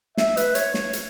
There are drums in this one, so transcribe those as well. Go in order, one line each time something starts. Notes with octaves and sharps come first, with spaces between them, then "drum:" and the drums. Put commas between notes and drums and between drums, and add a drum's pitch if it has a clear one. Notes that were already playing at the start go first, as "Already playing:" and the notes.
E5, drum: snare
B4, drum: hi-hat
C#5, drum: hi-hat
C#5, drum: snare
drum: hi-hat